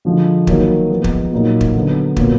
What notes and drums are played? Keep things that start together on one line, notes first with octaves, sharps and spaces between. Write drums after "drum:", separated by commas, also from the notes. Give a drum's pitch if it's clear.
D3 F3 G#3
D#3 F#3 A#3 D#4, drum: kick
F3 G#3 B3
drum: kick
A#2 F#3 A#3 D#4
drum: kick
D3 F#3 B3
A#2 F#3 B3, drum: kick